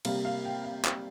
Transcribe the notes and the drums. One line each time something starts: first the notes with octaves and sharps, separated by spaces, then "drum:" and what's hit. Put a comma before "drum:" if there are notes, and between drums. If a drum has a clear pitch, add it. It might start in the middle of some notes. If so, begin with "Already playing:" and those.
C3 G3 A#3 F5, drum: cymbal
F5
G5
F5
G5, drum: clap